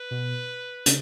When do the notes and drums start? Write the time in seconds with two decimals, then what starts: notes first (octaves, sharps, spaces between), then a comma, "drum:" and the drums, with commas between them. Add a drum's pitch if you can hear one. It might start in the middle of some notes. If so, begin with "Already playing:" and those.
Already playing: B4
0.11 B2
0.86 C#3, drum: hi-hat